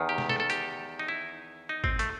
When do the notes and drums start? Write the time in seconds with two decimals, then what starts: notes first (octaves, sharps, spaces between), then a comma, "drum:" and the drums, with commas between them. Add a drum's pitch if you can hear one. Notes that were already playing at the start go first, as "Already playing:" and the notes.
Already playing: E2 D#3
0.09 G4
0.18 drum: snare
0.29 A4, drum: snare
0.40 A4
0.50 G4, drum: hi-hat
0.99 D#4
1.08 E4
1.69 D#4
1.84 C4, drum: kick
1.99 A3, drum: hi-hat